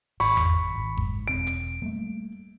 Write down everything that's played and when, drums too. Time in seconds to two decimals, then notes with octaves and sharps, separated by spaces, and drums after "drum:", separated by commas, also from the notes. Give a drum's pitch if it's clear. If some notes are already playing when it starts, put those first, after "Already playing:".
0.20 G#1 B5 C#6, drum: open hi-hat
0.37 drum: tom E2
0.74 G#1
0.97 G#2, drum: kick G1
1.28 E1 C4 D7
1.47 drum: hi-hat
1.82 G3 A3 A#3